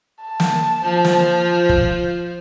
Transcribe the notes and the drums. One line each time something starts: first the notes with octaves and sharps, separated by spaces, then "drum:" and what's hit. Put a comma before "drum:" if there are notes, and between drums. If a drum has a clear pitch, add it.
A5
drum: snare
F3 F4 C5
drum: snare
drum: kick